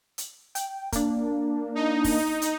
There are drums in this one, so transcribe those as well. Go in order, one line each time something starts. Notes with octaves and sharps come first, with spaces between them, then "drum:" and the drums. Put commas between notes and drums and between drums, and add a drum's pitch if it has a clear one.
drum: hi-hat
G5, drum: hi-hat
A#3 D4, drum: kick, hi-hat
D#4
drum: kick, open hi-hat
drum: hi-hat